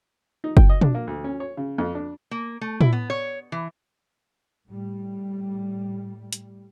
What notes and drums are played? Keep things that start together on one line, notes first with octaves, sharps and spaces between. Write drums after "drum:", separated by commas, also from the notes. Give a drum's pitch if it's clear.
D#4
G5, drum: kick F#1
D#5
D4, drum: tom
A#3
D2
C#4
C#5
C#3
F2
D4
A#3
A3
E4, drum: tom
B3
C#5
E3
A2 G3
drum: hi-hat